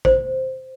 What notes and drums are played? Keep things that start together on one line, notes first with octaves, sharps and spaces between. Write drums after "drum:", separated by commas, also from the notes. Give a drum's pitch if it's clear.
C5, drum: kick